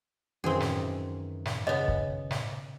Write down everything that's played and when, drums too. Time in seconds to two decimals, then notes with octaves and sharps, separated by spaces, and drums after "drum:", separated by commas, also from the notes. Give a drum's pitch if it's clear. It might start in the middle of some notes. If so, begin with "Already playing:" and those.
0.44 F#2 D#3 E3 C4 G#4
0.60 drum: snare
1.45 drum: snare
1.67 C#3 B3 D#5
1.88 drum: kick
2.31 drum: snare